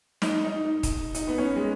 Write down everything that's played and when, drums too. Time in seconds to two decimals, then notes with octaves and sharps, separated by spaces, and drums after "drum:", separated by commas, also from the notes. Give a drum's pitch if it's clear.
0.22 D#4, drum: snare
0.45 D#4
0.83 drum: kick D#1, hi-hat
1.15 D#4, drum: hi-hat
1.28 B3
1.38 C#4
1.56 G#3